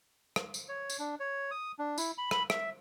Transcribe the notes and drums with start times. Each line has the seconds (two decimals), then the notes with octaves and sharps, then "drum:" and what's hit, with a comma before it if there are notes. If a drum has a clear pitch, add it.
0.36 drum: rim click
0.54 drum: tambourine
0.69 C#5
0.90 drum: tambourine
0.99 D4
1.20 C#5
1.51 D#6
1.79 D4
1.98 E4, drum: tambourine
2.18 B5
2.31 B5, drum: rim click
2.50 E5, drum: rim click